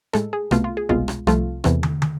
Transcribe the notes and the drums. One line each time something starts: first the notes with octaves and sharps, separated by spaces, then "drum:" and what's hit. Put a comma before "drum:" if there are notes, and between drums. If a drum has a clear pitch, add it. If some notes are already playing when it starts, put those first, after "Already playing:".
A2 G#3 A4, drum: rim click
G#4
C2 B2 A3 F4, drum: rim click
F4
G#4
C2 B2 G#3 F4, drum: kick G1
drum: rim click
C2 C3 F3 A3 F4, drum: rim click
E2 C3 E3 A3, drum: rim click
drum: tom
drum: tom